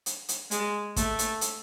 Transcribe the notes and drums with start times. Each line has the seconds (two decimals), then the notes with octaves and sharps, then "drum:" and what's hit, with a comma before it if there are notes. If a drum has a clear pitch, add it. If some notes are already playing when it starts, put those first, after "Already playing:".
0.06 drum: hi-hat
0.29 drum: hi-hat
0.51 G#3, drum: hi-hat
0.96 A3, drum: kick, hi-hat
1.19 drum: hi-hat
1.41 drum: hi-hat